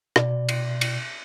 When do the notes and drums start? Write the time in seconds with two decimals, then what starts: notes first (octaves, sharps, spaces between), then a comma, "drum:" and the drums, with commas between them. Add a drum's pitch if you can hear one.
0.16 B2 D5, drum: rim click
0.49 drum: cymbal
0.81 drum: cymbal